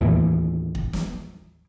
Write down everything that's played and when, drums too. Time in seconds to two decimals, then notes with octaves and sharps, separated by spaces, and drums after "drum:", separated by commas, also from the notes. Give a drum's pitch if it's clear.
0.01 D#2 A2 E3
0.75 drum: kick
0.93 drum: snare